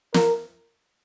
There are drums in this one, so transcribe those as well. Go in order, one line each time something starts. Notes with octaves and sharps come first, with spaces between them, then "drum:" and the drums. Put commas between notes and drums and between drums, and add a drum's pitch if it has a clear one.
A#4, drum: snare